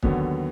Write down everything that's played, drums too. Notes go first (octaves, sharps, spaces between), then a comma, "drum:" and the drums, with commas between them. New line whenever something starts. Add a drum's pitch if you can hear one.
D#2 D3 F#3 B3, drum: kick